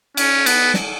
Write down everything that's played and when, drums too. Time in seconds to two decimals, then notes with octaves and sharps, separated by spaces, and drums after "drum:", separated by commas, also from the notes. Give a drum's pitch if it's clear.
0.17 C#4, drum: cymbal
0.46 B3, drum: cymbal
0.74 drum: snare